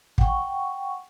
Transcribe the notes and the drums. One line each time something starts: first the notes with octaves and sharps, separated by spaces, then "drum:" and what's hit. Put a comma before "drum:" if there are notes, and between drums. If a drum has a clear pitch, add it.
F#5 G5 C#6, drum: kick